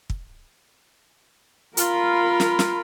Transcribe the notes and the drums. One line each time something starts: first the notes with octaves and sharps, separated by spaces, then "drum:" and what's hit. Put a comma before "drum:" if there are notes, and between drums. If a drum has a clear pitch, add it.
drum: kick
F4 A#4 B5, drum: hi-hat
drum: snare
drum: snare